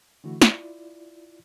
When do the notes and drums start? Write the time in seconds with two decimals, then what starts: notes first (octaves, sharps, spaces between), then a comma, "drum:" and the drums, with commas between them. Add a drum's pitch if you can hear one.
0.24 D3 E3 A3 E4 F#4
0.42 E4 F4 D5, drum: snare